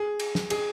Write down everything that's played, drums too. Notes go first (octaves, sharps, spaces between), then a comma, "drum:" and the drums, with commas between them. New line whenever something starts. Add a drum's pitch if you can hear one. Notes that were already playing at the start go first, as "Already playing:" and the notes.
Already playing: G#4
drum: cymbal
drum: snare
G#4, drum: cymbal